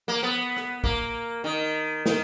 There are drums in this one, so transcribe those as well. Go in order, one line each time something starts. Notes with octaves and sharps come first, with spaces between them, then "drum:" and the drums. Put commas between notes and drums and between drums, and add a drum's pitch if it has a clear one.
A#3
B3
drum: rim click
A#3, drum: kick
D#3
D#3, drum: snare